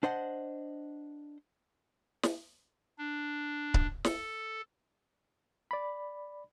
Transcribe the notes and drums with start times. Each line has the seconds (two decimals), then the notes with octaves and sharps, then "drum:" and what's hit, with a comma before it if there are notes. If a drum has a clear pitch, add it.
0.03 D4 C5 D#5 F#5
2.23 drum: snare
2.98 D4
3.74 drum: kick C#1
4.05 A4, drum: snare
5.71 D5 B5